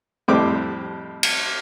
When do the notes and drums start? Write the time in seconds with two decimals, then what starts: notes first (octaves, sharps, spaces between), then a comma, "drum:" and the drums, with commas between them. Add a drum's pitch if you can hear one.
0.28 F2 A2 G3 C4 G4 D6
1.23 drum: cymbal